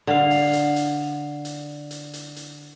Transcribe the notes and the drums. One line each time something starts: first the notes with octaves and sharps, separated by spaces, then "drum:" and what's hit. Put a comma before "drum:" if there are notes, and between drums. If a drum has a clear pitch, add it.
D3 F5
drum: open hi-hat
drum: hi-hat
drum: hi-hat
drum: hi-hat
drum: hi-hat
drum: hi-hat
drum: hi-hat